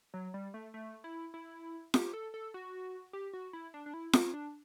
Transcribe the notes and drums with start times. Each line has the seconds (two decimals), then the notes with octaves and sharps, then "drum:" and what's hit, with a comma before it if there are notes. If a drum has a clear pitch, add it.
0.14 F#3
0.34 G3
0.54 A3
0.74 A3
1.04 E4
1.34 E4
1.94 G4, drum: snare F4
2.13 A4
2.34 A4
2.54 F#4
3.13 G4
3.33 F#4
3.53 E4
3.74 D4
3.86 D4
3.94 E4
4.13 C4, drum: snare F4
4.33 D4